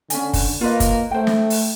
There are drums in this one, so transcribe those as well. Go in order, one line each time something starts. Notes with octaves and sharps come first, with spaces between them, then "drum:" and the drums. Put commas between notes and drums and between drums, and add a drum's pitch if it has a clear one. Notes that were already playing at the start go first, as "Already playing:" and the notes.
D3 C#4 G#5, drum: hi-hat
drum: kick, open hi-hat
A#3 F4 B4 D#5
drum: kick, hi-hat
A3 C5 G5
drum: snare
drum: open hi-hat